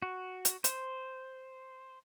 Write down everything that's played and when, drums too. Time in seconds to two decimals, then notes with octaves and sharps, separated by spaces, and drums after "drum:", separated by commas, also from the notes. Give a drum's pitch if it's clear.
0.02 F#4
0.45 drum: hi-hat
0.64 C5, drum: hi-hat